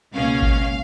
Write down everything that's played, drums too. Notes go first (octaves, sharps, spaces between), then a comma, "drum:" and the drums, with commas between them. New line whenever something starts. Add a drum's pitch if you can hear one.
C#2 B2 A#3 C#4 F5
drum: kick G#1